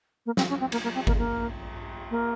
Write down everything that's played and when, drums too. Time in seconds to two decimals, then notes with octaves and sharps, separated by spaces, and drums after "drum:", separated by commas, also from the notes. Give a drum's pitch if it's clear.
0.26 A#3
0.37 C4, drum: snare
0.49 C#4
0.60 C4
0.72 A#3, drum: cymbal
0.83 A#3
0.95 C4
1.07 A#3, drum: kick G1
1.18 A#3
2.10 A#3